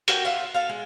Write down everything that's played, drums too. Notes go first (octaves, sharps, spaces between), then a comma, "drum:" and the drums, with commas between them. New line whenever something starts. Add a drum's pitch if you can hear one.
F#4 A#4 F#5 G5, drum: hi-hat
F4 E5 F#5
A4 F5
G#3